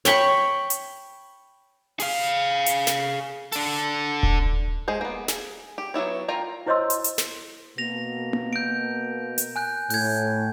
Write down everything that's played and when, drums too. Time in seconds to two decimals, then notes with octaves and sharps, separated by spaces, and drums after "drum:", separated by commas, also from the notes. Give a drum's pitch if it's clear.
0.05 C#5 G5 B5 C#6, drum: snare
0.70 drum: hi-hat
2.00 G#4 F5, drum: open hi-hat
2.66 drum: hi-hat
2.87 drum: snare
3.52 D4 A4, drum: open hi-hat
4.23 drum: kick D#1
4.88 G#3 G#4 C5
5.01 A#3 B3
5.28 G#4, drum: snare
5.78 G4
5.94 F#3 B3 E4 C#5
6.28 F4 A#4 G5 A#5
6.66 E4 C5 C#5 D#5 C6 E6
6.90 drum: hi-hat
7.04 drum: hi-hat
7.18 drum: snare
7.78 B2 A#3 A#6 F7
8.33 drum: tom A#3
8.53 G6 D7
9.38 drum: hi-hat
9.56 G#5 F#6 G6
9.90 A2 G6 G#6, drum: open hi-hat